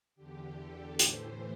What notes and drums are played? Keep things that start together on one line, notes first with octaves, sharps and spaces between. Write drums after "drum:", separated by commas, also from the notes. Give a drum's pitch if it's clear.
E2 D3 G4
A4
A2 E3 C5, drum: hi-hat